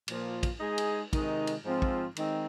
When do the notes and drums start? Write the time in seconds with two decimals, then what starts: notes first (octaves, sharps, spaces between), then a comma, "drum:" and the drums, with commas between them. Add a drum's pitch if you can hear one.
0.08 A#2 F3 A#3 F4, drum: cymbal
0.43 drum: kick, cymbal
0.60 G#3 D#4 G#4
0.78 drum: cymbal
1.13 C3 D#3 G#3 D#4, drum: kick, cymbal
1.47 drum: cymbal
1.64 G#2 F3 C4 F4
1.82 drum: kick
2.16 D#3 G#3 C4 D#4, drum: cymbal